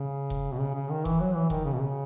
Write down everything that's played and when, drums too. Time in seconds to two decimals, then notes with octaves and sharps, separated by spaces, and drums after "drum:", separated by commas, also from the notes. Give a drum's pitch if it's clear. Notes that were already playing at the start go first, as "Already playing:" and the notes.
Already playing: C#3
0.30 drum: kick F1
0.53 B2
0.60 C#3
0.75 C#3
0.90 D#3
1.05 E3, drum: kick F1
1.20 F#3
1.35 E3
1.50 D#3, drum: kick F1
1.65 C#3
1.74 B2
1.80 C#3